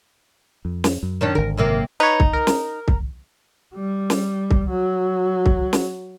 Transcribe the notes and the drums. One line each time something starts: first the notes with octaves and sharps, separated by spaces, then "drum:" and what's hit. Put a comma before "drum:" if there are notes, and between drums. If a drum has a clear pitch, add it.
F2
drum: snare
F#2
D#3 C#4 D4
G#1 D3 A#4
F#2 C3 A#3
D#4 B4 C#5
drum: kick C2
A#4
drum: snare
drum: kick C2
G3
drum: snare
drum: kick C2
F#3
drum: kick C2
drum: snare